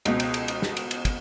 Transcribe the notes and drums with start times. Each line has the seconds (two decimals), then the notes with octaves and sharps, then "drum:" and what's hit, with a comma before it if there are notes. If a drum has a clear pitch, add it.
0.05 C#2 B2, drum: cymbal
0.20 drum: cymbal
0.34 drum: cymbal
0.48 drum: cymbal
0.62 drum: snare
0.77 drum: cymbal
0.91 drum: cymbal
1.05 drum: kick, cymbal